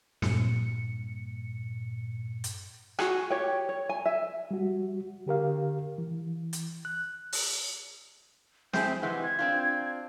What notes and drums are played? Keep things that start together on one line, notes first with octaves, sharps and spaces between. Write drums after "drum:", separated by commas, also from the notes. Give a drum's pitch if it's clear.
G2 A#2 C#7, drum: snare
drum: hi-hat
F#4 G#4 G#5, drum: rim click
G4 C#5 G5
C#5
G#5
E5
G3 F#4
D3 G4 A#4 F5
E3
drum: hi-hat
F#6
drum: open hi-hat
C4 E4 G#4 G6, drum: snare
C3 E3 G#3 F#5
G#6
C4 D4 F4